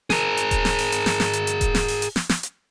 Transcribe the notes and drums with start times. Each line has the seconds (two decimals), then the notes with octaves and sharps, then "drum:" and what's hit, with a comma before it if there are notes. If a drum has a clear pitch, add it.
0.10 G#4 A#4, drum: snare
0.37 drum: hi-hat
0.51 drum: kick D#1, hi-hat
0.65 drum: snare
0.79 drum: open hi-hat
0.92 drum: hi-hat
1.06 drum: snare
1.20 drum: snare
1.33 drum: hi-hat
1.47 drum: hi-hat
1.61 drum: kick D#1, hi-hat
1.75 drum: snare
1.88 drum: open hi-hat
2.02 drum: hi-hat
2.16 drum: snare
2.29 drum: snare
2.43 drum: hi-hat